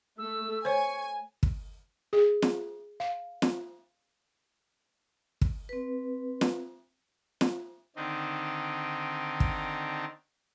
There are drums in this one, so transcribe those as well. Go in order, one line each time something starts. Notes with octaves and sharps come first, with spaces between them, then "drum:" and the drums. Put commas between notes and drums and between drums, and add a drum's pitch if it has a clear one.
A3 E6
C5 C#5 G#5 C#6
drum: kick
G#4
drum: snare
F5
drum: snare
drum: kick
C4 B4
drum: snare
drum: snare
D3 D#3 C4 D4 D#4
drum: kick